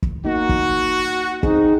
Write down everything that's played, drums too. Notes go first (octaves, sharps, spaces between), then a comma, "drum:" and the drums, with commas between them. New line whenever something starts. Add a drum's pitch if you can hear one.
drum: kick
A#3 D#4 F#4
drum: kick
C4 D#4 G#4, drum: kick